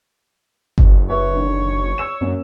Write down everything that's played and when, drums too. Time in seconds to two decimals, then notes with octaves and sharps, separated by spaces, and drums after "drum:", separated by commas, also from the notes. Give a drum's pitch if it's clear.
0.78 F#1, drum: kick G1
1.10 B4 C#5 E5
1.34 D3 D#3
1.98 C#6 E6 E7
2.21 F#2 A#3 C#4